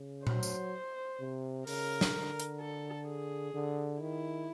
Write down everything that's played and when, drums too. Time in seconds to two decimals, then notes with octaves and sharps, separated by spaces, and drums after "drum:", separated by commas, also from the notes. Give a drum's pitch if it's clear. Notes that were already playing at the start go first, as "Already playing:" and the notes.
Already playing: C#3
0.27 F#3 C5, drum: tom A#2
0.43 drum: tambourine
1.20 C3
1.67 C#3 A#4, drum: open hi-hat
2.01 drum: snare
2.14 D3
2.40 drum: hi-hat
2.61 A4
3.07 G#4
3.54 D3
4.00 D#3 E4